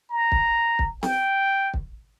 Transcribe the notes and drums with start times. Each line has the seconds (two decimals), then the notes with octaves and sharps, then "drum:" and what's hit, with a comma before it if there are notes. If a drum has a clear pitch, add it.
0.10 A#5
0.32 drum: kick
0.79 drum: kick
1.03 G5, drum: snare C4
1.74 drum: kick